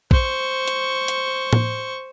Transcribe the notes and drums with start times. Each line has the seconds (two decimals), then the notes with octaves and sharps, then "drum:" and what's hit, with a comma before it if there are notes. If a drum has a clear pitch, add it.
0.11 C5 C#6, drum: kick
0.68 drum: hi-hat
1.08 drum: hi-hat
1.53 drum: tom A2